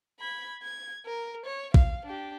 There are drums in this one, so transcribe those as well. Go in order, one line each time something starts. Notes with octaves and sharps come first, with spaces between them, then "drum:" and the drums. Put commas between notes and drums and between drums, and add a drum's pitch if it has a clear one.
B5 G#6
G#6
A#4
C#5
F5, drum: kick A#1
D4 G4